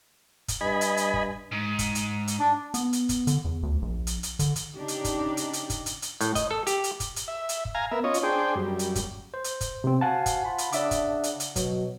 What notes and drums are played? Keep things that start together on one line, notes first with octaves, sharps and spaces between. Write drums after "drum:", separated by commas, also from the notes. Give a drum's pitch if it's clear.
drum: kick, hi-hat
G2 D#5 G#5 B5
drum: hi-hat
drum: hi-hat
drum: kick
G#2
drum: kick, hi-hat
drum: hi-hat
drum: hi-hat
D4
B3, drum: hi-hat
drum: hi-hat
drum: kick, hi-hat
D3, drum: hi-hat
E2
D2
A#1
drum: hi-hat
drum: hi-hat
D3, drum: kick, hi-hat
drum: hi-hat
C#3 D4 D#4 G4
drum: hi-hat
drum: kick, hi-hat
drum: hi-hat
drum: hi-hat
drum: kick, hi-hat
drum: hi-hat
drum: hi-hat
A2, drum: hi-hat
D#5, drum: kick, hi-hat
A4
G4, drum: hi-hat
drum: hi-hat
drum: kick, hi-hat
drum: hi-hat
E5
drum: hi-hat
drum: kick
F5 G#5 A#5
B3 A#4 E5
C#4 F4 C#5 D#5
drum: hi-hat
D4 G#4 C5 G5
F#2 G3
drum: hi-hat
drum: kick, hi-hat
C5
drum: hi-hat
drum: kick, hi-hat
C3 C4
F#4 F5 F#5 G#5 A5
drum: kick, hi-hat
F4 B5
drum: hi-hat
C#3 D4 D5 E5 D6, drum: hi-hat
drum: kick, hi-hat
drum: hi-hat
drum: hi-hat
B2 F#3, drum: kick, hi-hat